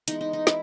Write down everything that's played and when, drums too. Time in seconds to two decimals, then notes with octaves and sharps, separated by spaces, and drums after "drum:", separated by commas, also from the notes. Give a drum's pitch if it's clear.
0.08 E3 G#3 B3 D#4, drum: hi-hat
0.21 D#4
0.33 D#4
0.47 E4, drum: snare